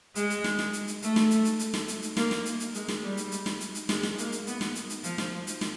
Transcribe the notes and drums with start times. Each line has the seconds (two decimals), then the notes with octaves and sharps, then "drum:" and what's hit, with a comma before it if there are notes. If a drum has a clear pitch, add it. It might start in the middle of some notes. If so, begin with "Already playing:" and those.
0.15 G#3, drum: hi-hat
0.30 drum: hi-hat
0.44 drum: snare
0.59 drum: snare
0.73 drum: hi-hat
0.87 drum: hi-hat
1.02 A3, drum: hi-hat
1.16 drum: snare
1.30 drum: hi-hat
1.45 drum: hi-hat
1.59 drum: hi-hat
1.74 drum: snare
1.88 drum: hi-hat
2.02 drum: hi-hat
2.17 A#3, drum: snare
2.31 drum: snare
2.45 drum: hi-hat
2.60 drum: hi-hat
2.74 G#3, drum: hi-hat
2.88 drum: snare
3.03 G3
3.17 drum: hi-hat
3.32 drum: hi-hat
3.46 drum: snare
3.60 drum: hi-hat
3.75 drum: hi-hat
3.89 G#3, drum: snare
4.03 drum: snare
4.18 A#3, drum: hi-hat
4.32 drum: hi-hat
4.47 B3, drum: hi-hat
4.61 drum: snare
4.75 drum: hi-hat
4.89 drum: hi-hat
5.03 F3, drum: hi-hat
5.18 drum: snare
5.47 drum: hi-hat
5.61 drum: snare